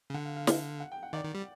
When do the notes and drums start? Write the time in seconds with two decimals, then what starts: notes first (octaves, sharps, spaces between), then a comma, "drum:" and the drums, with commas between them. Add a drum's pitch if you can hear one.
0.10 C#3
0.14 D3 F#5
0.25 F5
0.37 F5
0.47 F5, drum: snare
0.80 F#5
0.92 G5
1.03 F#5
1.13 D#3 D5
1.24 D#3
1.35 G3